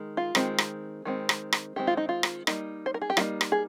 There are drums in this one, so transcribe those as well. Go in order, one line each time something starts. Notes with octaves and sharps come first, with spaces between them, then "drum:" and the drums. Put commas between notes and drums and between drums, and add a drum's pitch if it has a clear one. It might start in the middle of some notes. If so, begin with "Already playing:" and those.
Already playing: D#3 G#3
F4
D#3 G#3 C4, drum: rim click
drum: rim click
D#3 G#3 C4
drum: rim click
drum: rim click
D#3 G#3 C4 G4
F4
D#4
F4
drum: rim click
G3 A#3 D#4, drum: rim click
C5
A#4
G#4
G4
G3 A#3 D#4 F4, drum: rim click
drum: rim click
G#4